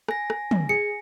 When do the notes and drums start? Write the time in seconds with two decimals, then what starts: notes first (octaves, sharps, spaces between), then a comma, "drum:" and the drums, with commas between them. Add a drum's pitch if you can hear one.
0.08 G#5 A#6, drum: rim click
0.30 drum: rim click
0.51 drum: tom
0.69 G#4 C#7